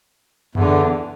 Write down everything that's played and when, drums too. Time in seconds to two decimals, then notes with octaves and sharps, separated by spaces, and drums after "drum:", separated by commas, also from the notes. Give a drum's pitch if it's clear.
0.55 E2 D3, drum: tom F#2